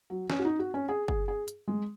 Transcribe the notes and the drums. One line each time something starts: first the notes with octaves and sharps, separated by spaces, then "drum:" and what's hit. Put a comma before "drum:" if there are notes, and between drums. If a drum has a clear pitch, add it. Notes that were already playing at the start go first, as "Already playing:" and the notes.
F#3
C#4, drum: snare
F#4
D#4
F#4
C#4
G#4
G#4, drum: kick F#1
G#4
drum: hi-hat
G#3